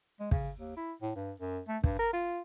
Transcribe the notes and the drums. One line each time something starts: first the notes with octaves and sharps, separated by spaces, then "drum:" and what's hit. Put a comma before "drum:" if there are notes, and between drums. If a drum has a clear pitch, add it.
G#3
C#3, drum: kick
D#2
E4
A2
G2
F#2
A3
G2, drum: kick
A#4
F4